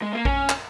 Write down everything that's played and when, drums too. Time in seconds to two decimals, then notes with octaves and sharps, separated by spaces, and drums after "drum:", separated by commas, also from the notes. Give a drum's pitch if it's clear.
0.02 G#3
0.13 A#3
0.25 C#4, drum: kick A1
0.49 drum: clap